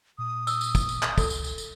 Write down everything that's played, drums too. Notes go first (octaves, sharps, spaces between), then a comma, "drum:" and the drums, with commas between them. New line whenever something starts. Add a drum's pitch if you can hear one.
A#2 D#6
E6, drum: tambourine
drum: tambourine
drum: kick, tambourine
drum: tambourine
drum: clap
C#2 A4, drum: kick, tambourine
drum: tambourine
drum: tambourine
drum: tambourine